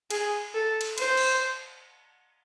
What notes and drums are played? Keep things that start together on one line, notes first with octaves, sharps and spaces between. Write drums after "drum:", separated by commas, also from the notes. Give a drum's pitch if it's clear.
G#4, drum: cymbal
A4
drum: cymbal
C5, drum: cymbal
drum: cymbal